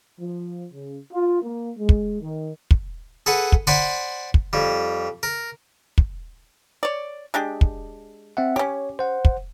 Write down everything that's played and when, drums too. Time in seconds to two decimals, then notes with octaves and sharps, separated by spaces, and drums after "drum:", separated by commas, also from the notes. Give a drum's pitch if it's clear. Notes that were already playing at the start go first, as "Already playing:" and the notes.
0.19 F3
0.73 C#3
1.13 F4
1.42 A#3
1.77 G#3
1.89 drum: kick
2.22 D#3
2.71 drum: kick
3.26 G#4 A4 B4 F#5
3.52 drum: kick
3.67 C5 D5 F#5 G#5 B5 C6
4.34 drum: kick
4.53 F2 G3
5.23 A#4
5.98 drum: kick
6.83 C#5 D5
7.34 G#3 D4 G4
7.61 drum: kick
8.37 C4 E5 F#5
8.56 C#4 G4 C#5
8.99 C5 F#5
9.25 drum: kick